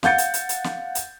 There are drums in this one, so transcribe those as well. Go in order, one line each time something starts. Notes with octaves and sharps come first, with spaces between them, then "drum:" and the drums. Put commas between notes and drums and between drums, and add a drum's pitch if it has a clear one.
F5 F#5 G6 A6 C#7, drum: snare
drum: hi-hat
drum: hi-hat
drum: hi-hat
drum: snare
drum: hi-hat